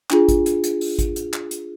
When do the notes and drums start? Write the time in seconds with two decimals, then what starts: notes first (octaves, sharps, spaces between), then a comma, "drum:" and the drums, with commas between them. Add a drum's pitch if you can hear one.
0.10 D4 F4 G#4, drum: clap
0.29 drum: kick G#1, hi-hat
0.46 drum: hi-hat
0.64 drum: hi-hat
0.81 drum: open hi-hat
0.99 drum: kick G#1, hi-hat
1.16 drum: hi-hat
1.34 drum: clap
1.51 drum: hi-hat